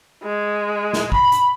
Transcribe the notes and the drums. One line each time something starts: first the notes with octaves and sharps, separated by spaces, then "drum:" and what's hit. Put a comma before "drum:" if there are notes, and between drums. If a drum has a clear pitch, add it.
G#3
drum: snare
B5, drum: kick
drum: hi-hat